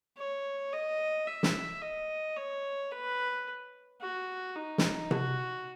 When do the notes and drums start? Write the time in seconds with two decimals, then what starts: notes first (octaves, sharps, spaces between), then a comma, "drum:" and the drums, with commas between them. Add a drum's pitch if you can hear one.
0.17 C#5
0.73 D#5
1.27 E5
1.43 drum: snare
1.82 D#5
2.37 C#5
2.92 B4
4.01 F#4
4.56 D#4
4.78 drum: snare
5.11 F#4, drum: tom C3